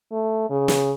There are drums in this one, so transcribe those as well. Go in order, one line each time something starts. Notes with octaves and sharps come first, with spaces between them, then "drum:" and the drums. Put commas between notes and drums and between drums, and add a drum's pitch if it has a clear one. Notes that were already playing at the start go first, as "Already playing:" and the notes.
A3
C#3
drum: snare